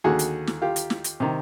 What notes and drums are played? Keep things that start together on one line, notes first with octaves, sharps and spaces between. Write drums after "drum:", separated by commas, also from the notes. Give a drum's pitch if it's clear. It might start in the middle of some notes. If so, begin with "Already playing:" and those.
D#2 D3 F#4 G#4
drum: hi-hat
drum: snare
F4 G4
drum: hi-hat
drum: snare
drum: hi-hat
C3 D#3